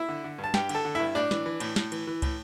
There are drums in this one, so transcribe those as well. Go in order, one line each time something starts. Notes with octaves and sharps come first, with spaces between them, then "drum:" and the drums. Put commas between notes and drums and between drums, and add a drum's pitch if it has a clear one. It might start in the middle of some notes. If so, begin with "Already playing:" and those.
Already playing: E4 E5
D3
D3
G2
A5
G2 G4 G5, drum: snare
D3, drum: cymbal
A4 A5
D3
G2 E4 E5
A2 D4 D5
E3, drum: snare
E3
A2, drum: cymbal
A2, drum: snare
E3, drum: cymbal
E3
A2, drum: kick, cymbal